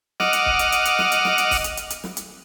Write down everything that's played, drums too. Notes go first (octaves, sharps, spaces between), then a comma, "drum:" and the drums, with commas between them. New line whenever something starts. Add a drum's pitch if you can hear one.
D#5 F#5 D6 F6, drum: snare
drum: hi-hat
drum: kick
drum: hi-hat
drum: hi-hat
drum: hi-hat
drum: snare
drum: hi-hat
drum: snare
drum: hi-hat
drum: kick, open hi-hat
drum: hi-hat
drum: hi-hat
drum: hi-hat
drum: snare
drum: hi-hat